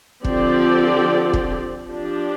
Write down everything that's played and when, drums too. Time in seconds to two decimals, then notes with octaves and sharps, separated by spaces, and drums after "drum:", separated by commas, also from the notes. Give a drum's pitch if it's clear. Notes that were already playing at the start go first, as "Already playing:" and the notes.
0.24 D3 F3 C4 G4 D5, drum: kick
1.33 drum: kick
1.88 F3 D4 G4